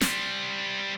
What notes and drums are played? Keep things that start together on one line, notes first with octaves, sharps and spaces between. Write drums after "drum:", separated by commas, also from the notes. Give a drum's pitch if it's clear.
G3 C5, drum: snare